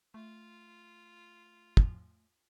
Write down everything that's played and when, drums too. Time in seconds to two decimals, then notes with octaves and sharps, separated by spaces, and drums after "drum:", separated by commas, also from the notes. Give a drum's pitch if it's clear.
0.14 A3 F4
1.77 drum: kick